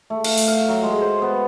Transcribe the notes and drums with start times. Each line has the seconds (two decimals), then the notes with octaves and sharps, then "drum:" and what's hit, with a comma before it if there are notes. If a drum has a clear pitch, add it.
0.10 A3
0.24 F5, drum: cymbal
0.38 drum: open hi-hat
0.48 F5
0.69 F#3
0.83 G#3
1.01 C5
1.22 B3